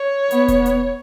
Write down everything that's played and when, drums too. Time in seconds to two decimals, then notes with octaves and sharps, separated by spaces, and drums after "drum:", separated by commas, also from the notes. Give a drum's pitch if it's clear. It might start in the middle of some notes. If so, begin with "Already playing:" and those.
Already playing: C#5
0.31 B3, drum: hi-hat
0.48 drum: kick E1, hi-hat
0.66 drum: hi-hat